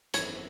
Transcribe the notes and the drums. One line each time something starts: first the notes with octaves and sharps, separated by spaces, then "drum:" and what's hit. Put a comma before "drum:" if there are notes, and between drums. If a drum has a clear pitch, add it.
G#1 F#2 E3 B3 E4 C#5, drum: hi-hat